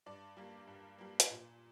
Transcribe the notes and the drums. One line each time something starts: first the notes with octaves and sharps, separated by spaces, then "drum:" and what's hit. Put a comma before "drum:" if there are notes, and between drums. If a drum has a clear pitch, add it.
G2 D5
G3 A#3
G2
G3 A#3
drum: hi-hat
A#2